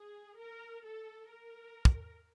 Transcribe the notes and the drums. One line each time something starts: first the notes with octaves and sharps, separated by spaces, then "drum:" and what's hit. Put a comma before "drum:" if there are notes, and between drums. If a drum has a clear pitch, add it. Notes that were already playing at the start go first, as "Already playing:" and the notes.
Already playing: G#4
A#4
A4
A#4
drum: kick